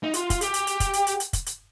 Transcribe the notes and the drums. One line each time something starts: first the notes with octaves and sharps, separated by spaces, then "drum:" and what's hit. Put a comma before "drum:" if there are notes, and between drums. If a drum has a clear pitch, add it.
D#4
F4, drum: hi-hat
F4, drum: kick, hi-hat
G4, drum: hi-hat
drum: hi-hat
drum: hi-hat
drum: kick, hi-hat
drum: hi-hat
drum: hi-hat
drum: hi-hat
drum: kick, hi-hat
drum: hi-hat